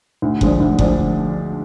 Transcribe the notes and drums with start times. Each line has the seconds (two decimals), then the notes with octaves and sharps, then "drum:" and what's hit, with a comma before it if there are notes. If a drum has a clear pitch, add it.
0.22 D2
0.41 D3 F3 G#3 D4, drum: kick F#1
0.60 D2
0.79 D3 F3 G#3 D4, drum: kick F#1